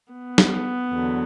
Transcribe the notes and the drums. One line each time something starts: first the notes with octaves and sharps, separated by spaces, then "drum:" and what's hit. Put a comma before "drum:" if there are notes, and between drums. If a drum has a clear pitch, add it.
B3
drum: snare
E2 D3 F#3